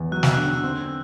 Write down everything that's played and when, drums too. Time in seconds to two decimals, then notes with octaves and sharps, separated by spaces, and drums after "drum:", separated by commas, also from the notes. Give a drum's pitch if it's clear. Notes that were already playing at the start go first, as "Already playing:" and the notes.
Already playing: E2
0.12 F#3 F#6
0.23 E6, drum: snare
0.34 D3 F#6
0.63 C4